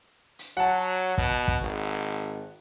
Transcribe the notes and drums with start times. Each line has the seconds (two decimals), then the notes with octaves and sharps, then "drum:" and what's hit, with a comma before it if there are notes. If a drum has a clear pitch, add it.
0.39 drum: hi-hat
0.57 F#3 F#5 A5
1.18 B2, drum: kick
1.48 drum: kick
1.61 G#1